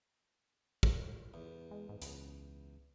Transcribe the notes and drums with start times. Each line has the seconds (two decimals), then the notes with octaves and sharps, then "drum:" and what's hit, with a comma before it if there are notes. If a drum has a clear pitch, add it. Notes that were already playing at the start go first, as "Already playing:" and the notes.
0.83 drum: kick
1.34 E2
1.71 G#3
1.89 G#2
2.02 C#2, drum: hi-hat